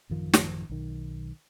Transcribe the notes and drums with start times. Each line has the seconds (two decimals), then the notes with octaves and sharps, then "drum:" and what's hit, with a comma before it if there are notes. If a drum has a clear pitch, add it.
0.10 A1 F#2 D#3 F3
0.34 drum: snare
0.70 B1 D#3